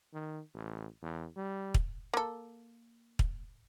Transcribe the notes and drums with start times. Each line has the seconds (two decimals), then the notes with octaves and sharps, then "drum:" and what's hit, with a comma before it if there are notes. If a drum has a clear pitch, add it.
0.13 D#3
0.54 A1
1.02 E2
1.36 G3
1.74 drum: kick
2.14 A#3 A4
3.19 drum: kick